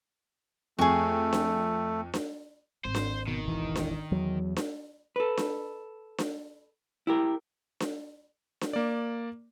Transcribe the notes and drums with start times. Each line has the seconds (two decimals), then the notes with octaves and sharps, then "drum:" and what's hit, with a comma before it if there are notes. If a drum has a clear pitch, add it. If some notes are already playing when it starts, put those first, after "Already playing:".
0.79 F2 A3 G#4 C#6
1.33 drum: snare D4
2.14 drum: snare D4
2.85 G#1 C5
2.95 drum: snare D4
3.28 B2 D#3
3.45 E1 E3
3.75 drum: snare D4
4.12 E2 F#3
4.56 drum: snare D4
5.16 A4 B4
5.37 drum: snare D4
6.18 drum: snare D4
7.07 E4 G4 A#4
7.80 drum: snare D4
8.61 drum: snare D4
8.73 A#3 D5